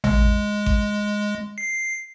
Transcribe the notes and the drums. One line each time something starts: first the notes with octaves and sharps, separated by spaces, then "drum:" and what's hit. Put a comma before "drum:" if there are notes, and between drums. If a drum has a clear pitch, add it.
G#3, drum: tom A1
drum: kick G#1
C7